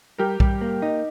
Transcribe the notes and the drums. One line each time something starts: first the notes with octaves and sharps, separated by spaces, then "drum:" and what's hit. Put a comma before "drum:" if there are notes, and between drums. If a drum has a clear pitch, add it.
G3 G4 A#4
G3, drum: kick B1
A#3
D#4